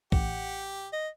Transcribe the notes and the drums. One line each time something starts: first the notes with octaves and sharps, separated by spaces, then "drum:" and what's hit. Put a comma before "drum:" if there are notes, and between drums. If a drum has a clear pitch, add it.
A1 G4 F#5, drum: kick
D#5